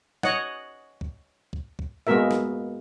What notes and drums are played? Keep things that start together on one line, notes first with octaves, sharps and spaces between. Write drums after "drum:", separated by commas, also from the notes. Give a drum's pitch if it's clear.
C#5 D#5 F#5, drum: snare
drum: kick
drum: kick
drum: kick
G#3 A#3 B3 F#4 A#4 E5
drum: snare